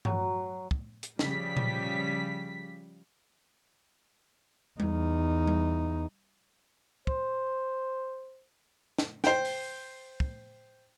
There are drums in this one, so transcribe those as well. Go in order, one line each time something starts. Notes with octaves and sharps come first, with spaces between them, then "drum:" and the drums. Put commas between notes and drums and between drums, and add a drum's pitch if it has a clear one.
F#3, drum: tom G2
drum: kick
drum: hi-hat
C#3 F3 G3 B6, drum: snare
drum: tom A#2
E2 D#4, drum: tom G3
drum: tom G3
C5, drum: kick
drum: snare
C5 G5, drum: snare
drum: open hi-hat
drum: kick